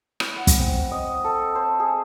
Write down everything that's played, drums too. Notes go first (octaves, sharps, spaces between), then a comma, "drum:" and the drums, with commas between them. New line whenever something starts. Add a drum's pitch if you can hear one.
E4, drum: rim click
F#5
drum: kick, hi-hat
C4
D#5
A4
C5
G#4